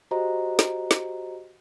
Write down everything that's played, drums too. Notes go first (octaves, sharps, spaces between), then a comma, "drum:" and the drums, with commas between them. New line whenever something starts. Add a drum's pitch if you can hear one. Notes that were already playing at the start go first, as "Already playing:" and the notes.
F#4 G4 C5 D#5 A#5
drum: snare
drum: snare